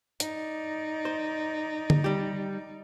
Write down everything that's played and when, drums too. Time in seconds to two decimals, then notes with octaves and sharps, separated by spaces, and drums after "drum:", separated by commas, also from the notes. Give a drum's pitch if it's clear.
0.20 D#4 D5, drum: hi-hat
1.05 C5
1.90 drum: tom D3
2.04 G3 G4